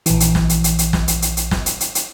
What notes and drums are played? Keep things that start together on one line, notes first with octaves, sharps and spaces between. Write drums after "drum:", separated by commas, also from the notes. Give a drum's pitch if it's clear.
A#1 E3, drum: hi-hat
drum: hi-hat
drum: snare
drum: hi-hat
drum: hi-hat
drum: hi-hat
drum: snare
drum: hi-hat
drum: hi-hat
drum: hi-hat
drum: snare
drum: hi-hat
drum: hi-hat
drum: hi-hat